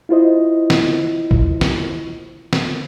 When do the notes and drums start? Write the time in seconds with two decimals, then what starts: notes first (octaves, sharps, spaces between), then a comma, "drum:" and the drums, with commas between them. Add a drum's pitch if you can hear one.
0.09 E4 F4 C5 D#5
0.70 drum: snare
1.31 drum: kick
1.61 drum: snare
2.53 drum: snare